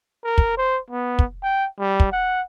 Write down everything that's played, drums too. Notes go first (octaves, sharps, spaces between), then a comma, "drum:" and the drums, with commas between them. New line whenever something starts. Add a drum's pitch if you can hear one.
A#4
drum: kick
C5
B3
drum: kick
G5
G3
drum: kick
F#5